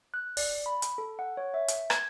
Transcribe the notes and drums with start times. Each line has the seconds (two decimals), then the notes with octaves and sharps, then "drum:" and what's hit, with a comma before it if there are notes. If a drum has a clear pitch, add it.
0.14 F#6
0.37 D5, drum: open hi-hat
0.66 B5
0.82 drum: hi-hat
0.98 A4
1.19 F#5
1.37 C#5
1.54 E5
1.68 drum: hi-hat
1.90 G#6, drum: rim click